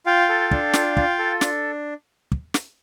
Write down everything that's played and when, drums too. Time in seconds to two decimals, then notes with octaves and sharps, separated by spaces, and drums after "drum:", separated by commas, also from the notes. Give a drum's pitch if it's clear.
0.06 F4 F5 G5
0.29 A4
0.51 D4, drum: kick
0.73 F4, drum: snare
0.97 F4, drum: kick
1.19 A4
1.41 D4, drum: snare
2.32 drum: kick
2.54 drum: snare